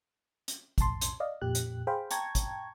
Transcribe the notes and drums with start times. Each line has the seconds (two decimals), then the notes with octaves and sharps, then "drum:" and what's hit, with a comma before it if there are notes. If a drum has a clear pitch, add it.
0.48 drum: hi-hat
0.78 B1 F2 A2 A5 C6, drum: kick, hi-hat
1.01 drum: hi-hat
1.20 D5 D#5 F5
1.41 F2 A#2 G4 F#6
1.55 drum: hi-hat
1.87 G#4 C5 F5 G5 B5
2.11 G5 A5 A#5 C#6 G#6, drum: hi-hat
2.35 drum: kick, hi-hat